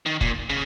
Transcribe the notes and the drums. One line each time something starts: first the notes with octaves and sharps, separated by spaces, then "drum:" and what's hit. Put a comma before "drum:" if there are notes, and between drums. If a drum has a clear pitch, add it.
D#3
A#2, drum: kick F1
C#3